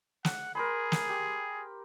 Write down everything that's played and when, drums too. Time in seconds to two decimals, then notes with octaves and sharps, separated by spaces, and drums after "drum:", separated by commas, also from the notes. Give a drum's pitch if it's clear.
0.25 F#5, drum: snare
0.55 G#4 A#4 C5 B5
0.92 drum: snare
1.09 G4